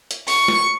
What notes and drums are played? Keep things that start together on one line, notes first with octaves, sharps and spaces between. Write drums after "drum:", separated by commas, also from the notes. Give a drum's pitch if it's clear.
drum: hi-hat
C#6, drum: open hi-hat
drum: snare